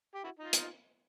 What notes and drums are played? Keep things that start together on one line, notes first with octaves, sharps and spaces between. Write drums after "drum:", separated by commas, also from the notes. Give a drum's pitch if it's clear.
G4
E4 F#4
D#4 F4
drum: hi-hat